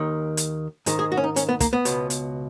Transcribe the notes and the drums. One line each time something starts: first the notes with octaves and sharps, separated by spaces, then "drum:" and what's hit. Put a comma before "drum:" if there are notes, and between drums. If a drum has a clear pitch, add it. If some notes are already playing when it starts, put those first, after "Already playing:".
Already playing: D#2 D#3
drum: hi-hat
G#2 D#3 G#4, drum: hi-hat
G#4
F#4
C#4
D#4
C#4, drum: hi-hat
B3
A#3, drum: kick, hi-hat
B3
C#2 B2, drum: hi-hat
drum: hi-hat